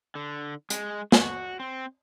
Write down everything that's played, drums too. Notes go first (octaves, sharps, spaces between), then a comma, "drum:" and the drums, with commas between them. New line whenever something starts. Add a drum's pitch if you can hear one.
D3
G#3, drum: hi-hat
F#4, drum: snare
C4